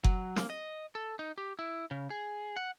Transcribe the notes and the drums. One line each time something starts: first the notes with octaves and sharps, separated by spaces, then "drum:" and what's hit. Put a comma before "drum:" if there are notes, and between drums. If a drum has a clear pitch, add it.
F#3, drum: kick F#1
A#3, drum: snare
D#5
A4
D#4
G4
E4
C#3
G#4
F#5